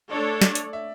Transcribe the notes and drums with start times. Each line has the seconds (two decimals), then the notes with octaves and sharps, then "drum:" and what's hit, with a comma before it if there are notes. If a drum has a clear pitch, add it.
0.11 A3 D4 A4 C#5 D5
0.42 D5, drum: snare
0.55 drum: hi-hat
0.73 E5